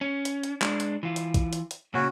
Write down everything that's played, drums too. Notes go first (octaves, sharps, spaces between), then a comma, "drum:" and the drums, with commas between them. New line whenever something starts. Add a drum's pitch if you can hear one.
C#4
drum: hi-hat
drum: hi-hat
G#3 D4, drum: clap
drum: hi-hat
E3 F4
drum: hi-hat
drum: kick, hi-hat
drum: hi-hat
drum: hi-hat
A#2 C#3 C#4 F#4